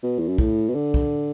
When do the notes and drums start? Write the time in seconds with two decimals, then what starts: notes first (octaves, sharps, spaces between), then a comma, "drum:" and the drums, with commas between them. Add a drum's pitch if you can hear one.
0.03 B2
0.18 E2
0.28 F#2
0.38 A2, drum: kick
0.69 B2
0.75 D3
0.94 drum: kick